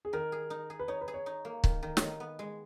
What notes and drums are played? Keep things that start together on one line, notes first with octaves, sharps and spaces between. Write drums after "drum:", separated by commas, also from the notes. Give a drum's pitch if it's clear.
G#4
D#3 A#4
G#4
D#4
G#4
B4
D#4 C#5
B4
G#4
C#5
D#4
A#3
D#3, drum: kick C#1
D#3
C#5, drum: snare
D#3 D#5
B3
G#3